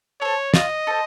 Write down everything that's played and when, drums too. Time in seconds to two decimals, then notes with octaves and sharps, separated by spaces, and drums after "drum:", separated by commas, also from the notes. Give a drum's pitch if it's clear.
0.21 A4 C5 C#5
0.54 F4 D#5, drum: snare
0.87 A4 C5